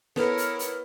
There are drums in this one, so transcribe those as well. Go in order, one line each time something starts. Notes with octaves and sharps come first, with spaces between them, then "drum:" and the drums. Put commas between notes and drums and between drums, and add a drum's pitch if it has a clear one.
B3 E4 A4 A#4 C#5, drum: snare
drum: hi-hat
drum: hi-hat